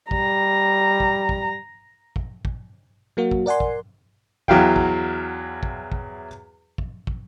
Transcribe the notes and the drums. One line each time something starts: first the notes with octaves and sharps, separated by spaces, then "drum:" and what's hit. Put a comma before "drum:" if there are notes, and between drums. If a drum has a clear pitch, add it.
G3 A#5, drum: kick
drum: kick
drum: kick
drum: kick
drum: kick
F#3 A#3 F#4
drum: kick
A#4 D5 F#5 G#5 C6
drum: kick
E2 F#3 E4 F5 G5, drum: kick
drum: kick
drum: kick
drum: kick
drum: kick
drum: kick